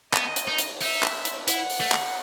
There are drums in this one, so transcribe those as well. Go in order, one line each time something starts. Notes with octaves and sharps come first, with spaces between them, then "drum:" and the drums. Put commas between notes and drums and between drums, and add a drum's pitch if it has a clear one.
B3 D#5, drum: clap
drum: hi-hat
D#4
drum: hi-hat
D#4 E5, drum: open hi-hat
drum: clap
drum: hi-hat
E4 F#5, drum: hi-hat
drum: open hi-hat
A3
drum: clap